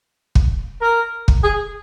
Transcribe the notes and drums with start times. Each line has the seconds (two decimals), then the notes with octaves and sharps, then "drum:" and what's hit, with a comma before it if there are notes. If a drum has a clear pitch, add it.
0.35 drum: kick
0.82 A#4
1.28 drum: kick
1.43 G#4